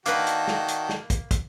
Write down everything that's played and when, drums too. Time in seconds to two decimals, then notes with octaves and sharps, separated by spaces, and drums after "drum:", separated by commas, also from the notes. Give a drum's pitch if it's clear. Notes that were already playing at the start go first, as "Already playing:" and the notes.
0.06 D#3 A#3 D4 F#4 B4 F5, drum: hi-hat
0.27 drum: hi-hat
0.47 drum: snare
0.68 drum: hi-hat
0.89 drum: snare
1.10 drum: kick, hi-hat
1.31 drum: kick, hi-hat